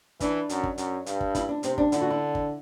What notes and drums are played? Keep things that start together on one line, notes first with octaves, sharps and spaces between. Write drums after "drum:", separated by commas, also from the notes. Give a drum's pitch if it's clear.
E3 D4, drum: kick, hi-hat
F#2, drum: hi-hat
drum: kick
F#2, drum: hi-hat
G2, drum: hi-hat
drum: kick
E4, drum: kick, hi-hat
D4
C3 C4, drum: hi-hat
D4, drum: kick
D3 E4, drum: hi-hat
F#4
E4
drum: kick